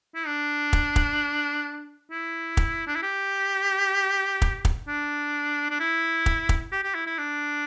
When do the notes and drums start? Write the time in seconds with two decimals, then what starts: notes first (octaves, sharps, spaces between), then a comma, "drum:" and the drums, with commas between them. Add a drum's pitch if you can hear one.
0.15 E4
0.27 D4
0.73 drum: kick
0.96 drum: kick
2.11 E4
2.57 drum: kick
2.87 D4
2.95 E4
3.03 G4
4.42 drum: kick
4.65 drum: kick
4.88 D4
5.71 D4
5.80 E4
6.26 drum: kick
6.49 drum: kick
6.72 G4
6.84 G4
6.95 E4
7.07 E4
7.18 D4